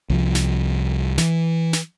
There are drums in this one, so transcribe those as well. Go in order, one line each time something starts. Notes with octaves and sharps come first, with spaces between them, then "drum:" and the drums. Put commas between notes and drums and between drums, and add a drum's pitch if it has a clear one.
C2 F3
drum: snare
E3, drum: snare
drum: snare